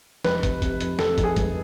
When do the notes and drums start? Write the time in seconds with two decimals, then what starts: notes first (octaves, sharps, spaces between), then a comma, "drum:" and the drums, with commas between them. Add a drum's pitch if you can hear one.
0.24 F1 B4, drum: snare
0.43 C3, drum: kick, hi-hat
0.62 C3, drum: kick, hi-hat
0.80 F2, drum: hi-hat
0.99 F2 A4, drum: snare
1.18 F2, drum: kick, hi-hat
1.24 G#4
1.36 F1, drum: kick, hi-hat